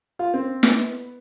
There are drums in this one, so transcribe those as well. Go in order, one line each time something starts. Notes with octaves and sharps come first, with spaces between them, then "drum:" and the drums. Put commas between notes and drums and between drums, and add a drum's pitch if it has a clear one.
F4
C4
B3, drum: snare